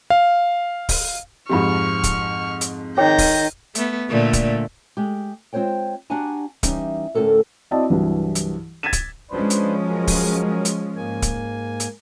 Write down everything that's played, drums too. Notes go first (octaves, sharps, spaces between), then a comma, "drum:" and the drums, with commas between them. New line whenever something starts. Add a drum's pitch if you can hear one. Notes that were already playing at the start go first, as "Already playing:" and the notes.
F5
drum: kick D1, open hi-hat
F2 G#2 F3 G4 B5 C#6 F6
drum: kick D1, hi-hat
drum: hi-hat
D#3 G#4 C#5 G5 G6 A#6
drum: kick D1, open hi-hat
A3 B3, drum: hi-hat
A#2 D3 A3
drum: kick D1, hi-hat
G#3 G4
G#3 C4 F4 C5 C#5 G5
D4 F#4 G4 F#5 G#5 A#5
E3 G3 C#4 D#4 E5, drum: kick D1, hi-hat
D2 A2 C#3 C#4 A4 A#4
C4 E4 F#4 D5 D#5 A5
C2 G2 E3 F#3
drum: hi-hat
G#6 A6 B6 D#7 E7
drum: kick D1, hi-hat
F3 G#3 C#4 D4 B4 C5
drum: hi-hat
F#3 G#4 A#4
drum: kick D1, open hi-hat
drum: hi-hat
G#2 A#3 G#5
drum: kick D1, hi-hat
drum: hi-hat